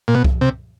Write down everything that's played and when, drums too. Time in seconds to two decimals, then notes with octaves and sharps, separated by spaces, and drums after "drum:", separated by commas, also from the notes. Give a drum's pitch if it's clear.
0.08 A#2
0.15 B2
0.24 drum: kick C2
0.41 C3